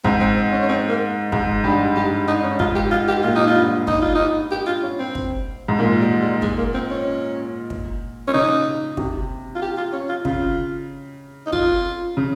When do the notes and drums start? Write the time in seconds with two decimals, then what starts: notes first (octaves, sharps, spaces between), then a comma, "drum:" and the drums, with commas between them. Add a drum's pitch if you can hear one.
0.04 G#2 C4, drum: kick
0.20 C4
0.36 C4
0.52 C#4
0.62 C#4
0.69 C4
0.89 A#3
1.32 G#2 G#3, drum: kick
1.64 G2 G4
1.97 G2 G4
2.28 D#4
2.44 C#4
2.59 G#2 F4, drum: kick
2.75 G4
2.91 F4
3.08 G4
3.23 A#2 F4
3.35 D#4
3.48 F4
3.55 G2
3.87 D#4, drum: kick
4.02 F4
4.15 D#4
4.51 G4
4.67 F4
4.83 C#4
4.99 C4
5.15 drum: kick
5.68 G#2
5.79 A#2 A#3
6.00 G3
6.21 G3
6.42 G#3, drum: kick
6.58 A#3
6.74 C4
6.91 C#4
7.70 drum: kick
8.28 C#4
8.33 C#3 D#4
8.97 C3, drum: kick
9.55 F4
9.62 G4
9.77 F4
9.93 C#4
10.09 F4
10.25 C#3 F4, drum: kick
11.46 D#4
11.52 F4, drum: kick
12.17 C#3